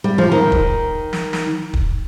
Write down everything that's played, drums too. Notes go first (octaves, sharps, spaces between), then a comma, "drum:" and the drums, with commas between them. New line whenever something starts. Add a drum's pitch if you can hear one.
G3
F3
D#3
drum: kick
drum: snare
drum: snare
drum: kick